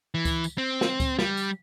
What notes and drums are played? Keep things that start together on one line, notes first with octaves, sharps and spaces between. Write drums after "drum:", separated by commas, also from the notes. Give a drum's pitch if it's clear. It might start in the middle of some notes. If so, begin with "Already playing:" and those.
E3
drum: kick C#2, tambourine
drum: tambourine
C4
drum: snare
drum: kick C#2, tambourine
G3, drum: snare
drum: tambourine